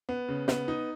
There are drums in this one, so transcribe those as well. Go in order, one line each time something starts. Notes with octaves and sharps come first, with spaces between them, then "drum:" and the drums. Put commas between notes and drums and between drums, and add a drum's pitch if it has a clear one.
B3
C#3
B3, drum: snare
D#4